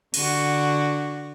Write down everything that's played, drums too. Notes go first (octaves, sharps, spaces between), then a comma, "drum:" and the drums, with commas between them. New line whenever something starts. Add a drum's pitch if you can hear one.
D3 F#4, drum: cymbal